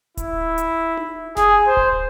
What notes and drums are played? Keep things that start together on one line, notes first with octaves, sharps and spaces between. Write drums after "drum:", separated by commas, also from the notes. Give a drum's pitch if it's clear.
E4, drum: kick D1, hi-hat
drum: hi-hat
drum: tom D#4
G#4, drum: snare F#1
C5
drum: kick D1